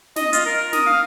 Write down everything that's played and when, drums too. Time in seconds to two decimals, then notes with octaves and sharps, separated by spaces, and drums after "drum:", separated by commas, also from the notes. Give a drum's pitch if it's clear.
0.16 D#5, drum: snare
0.33 F4, drum: hi-hat
0.46 A#4
0.73 D#6, drum: snare
0.86 F5